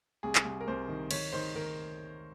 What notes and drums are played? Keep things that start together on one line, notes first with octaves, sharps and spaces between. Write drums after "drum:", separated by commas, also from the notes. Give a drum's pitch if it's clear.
C2 G#4
drum: clap
C2
A#4
C2 C5
D#3
D#3 C#5, drum: cymbal
D#3 C5
D#3 A#4